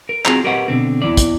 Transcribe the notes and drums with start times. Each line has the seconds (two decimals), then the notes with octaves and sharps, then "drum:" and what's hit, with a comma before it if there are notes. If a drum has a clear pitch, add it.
0.09 A#4
0.25 C4 F4 F#4 G#4 A#5, drum: clap
0.44 G4 A#4 B4 C#5 D#5 F#5
0.68 B2 D3 C4
1.02 E2 E3 D5
1.17 drum: kick, hi-hat